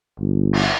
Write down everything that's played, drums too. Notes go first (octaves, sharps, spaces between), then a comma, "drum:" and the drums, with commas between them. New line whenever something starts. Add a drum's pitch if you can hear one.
G1
drum: cymbal